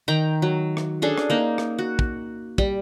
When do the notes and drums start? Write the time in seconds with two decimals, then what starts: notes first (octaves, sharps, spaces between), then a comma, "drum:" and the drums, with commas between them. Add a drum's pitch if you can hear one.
0.08 D#3 G5 A#5
0.42 F#3
0.77 drum: rim click
1.02 C#4 D4 G#4 A4
1.18 drum: rim click
1.30 A#3 D#4
1.58 drum: rim click
1.79 F#4
1.99 drum: kick
2.58 G3, drum: kick